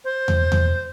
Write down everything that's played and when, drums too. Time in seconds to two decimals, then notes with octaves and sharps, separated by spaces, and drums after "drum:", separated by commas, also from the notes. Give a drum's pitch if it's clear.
0.04 C5
0.28 drum: tom E2
0.52 drum: tom E2